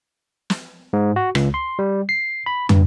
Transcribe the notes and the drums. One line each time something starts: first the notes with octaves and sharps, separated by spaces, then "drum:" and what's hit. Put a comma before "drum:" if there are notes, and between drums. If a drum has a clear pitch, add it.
drum: snare
G#2
F#4
C#2, drum: rim click
C6
G3
C7
B5
G2, drum: tom